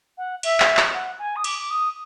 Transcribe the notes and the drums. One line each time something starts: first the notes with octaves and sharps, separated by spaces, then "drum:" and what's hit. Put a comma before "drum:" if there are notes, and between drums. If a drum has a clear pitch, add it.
F#5
E5, drum: cymbal
drum: clap
drum: clap
F#5
G#5
D#6
D6, drum: cymbal
D6
D#6